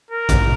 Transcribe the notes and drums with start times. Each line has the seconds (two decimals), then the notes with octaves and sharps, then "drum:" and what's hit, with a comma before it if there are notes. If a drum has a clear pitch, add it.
0.11 A#4
0.29 drum: kick, hi-hat